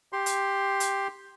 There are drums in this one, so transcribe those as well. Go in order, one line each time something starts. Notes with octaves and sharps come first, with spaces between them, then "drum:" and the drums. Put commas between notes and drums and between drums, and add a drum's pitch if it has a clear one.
G4 C6
drum: hi-hat
drum: hi-hat